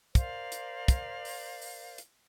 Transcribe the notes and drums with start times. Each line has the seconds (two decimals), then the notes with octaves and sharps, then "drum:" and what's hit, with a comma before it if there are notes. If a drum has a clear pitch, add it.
0.15 A#4 C5 D5 F5, drum: kick, hi-hat
0.52 drum: hi-hat
0.88 drum: kick, hi-hat
1.25 drum: open hi-hat
1.62 drum: open hi-hat
1.98 drum: hi-hat